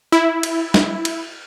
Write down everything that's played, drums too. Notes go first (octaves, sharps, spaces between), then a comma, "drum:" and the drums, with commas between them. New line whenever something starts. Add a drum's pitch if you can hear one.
E4
drum: cymbal
drum: snare
drum: cymbal